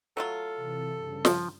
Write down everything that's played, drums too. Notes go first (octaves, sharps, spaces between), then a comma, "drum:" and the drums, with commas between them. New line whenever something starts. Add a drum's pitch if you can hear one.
F#3 A3 F4 A4
C3 E3
G2 C#3
F3, drum: snare